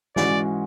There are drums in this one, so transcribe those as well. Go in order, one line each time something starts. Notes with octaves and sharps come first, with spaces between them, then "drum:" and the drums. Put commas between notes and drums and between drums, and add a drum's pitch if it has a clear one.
G#2 E3 G#3 C#4 F#4 D5, drum: snare